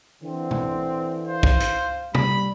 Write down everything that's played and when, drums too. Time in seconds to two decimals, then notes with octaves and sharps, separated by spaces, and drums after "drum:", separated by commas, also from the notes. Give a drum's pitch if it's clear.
0.23 D3 E3 C4
0.51 drum: tom
1.27 C5 F5
1.43 drum: kick
1.60 drum: hi-hat
2.15 G3 B5, drum: tom